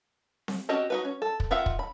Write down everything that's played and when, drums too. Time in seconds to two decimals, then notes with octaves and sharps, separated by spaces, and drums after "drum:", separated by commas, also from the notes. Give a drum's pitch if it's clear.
0.48 drum: snare C4
0.69 C4 C#4 F#4 G4 D#5
0.90 D#4 F#4 B4
1.05 C#4
1.22 A4
1.40 drum: kick
1.51 D#3 F4 E5 F#5 G5
1.66 drum: kick
1.79 B5